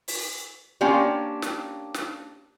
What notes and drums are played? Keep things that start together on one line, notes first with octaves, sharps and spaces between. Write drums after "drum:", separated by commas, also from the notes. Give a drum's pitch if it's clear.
drum: open hi-hat
A#3 C#4 D4 F4 G4
drum: snare
drum: snare